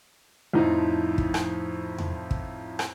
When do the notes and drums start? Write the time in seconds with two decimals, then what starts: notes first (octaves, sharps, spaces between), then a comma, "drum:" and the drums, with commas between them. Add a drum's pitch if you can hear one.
0.53 F2 A2 F3 D#4
1.18 drum: kick
1.34 drum: rim click
1.98 drum: tom E2
2.31 drum: kick
2.79 drum: rim click